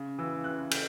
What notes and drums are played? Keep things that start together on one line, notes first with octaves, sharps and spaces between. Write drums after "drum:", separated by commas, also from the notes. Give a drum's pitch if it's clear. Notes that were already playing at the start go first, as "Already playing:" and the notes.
Already playing: C#3
E3 E6
C#3 F#6
G6, drum: cymbal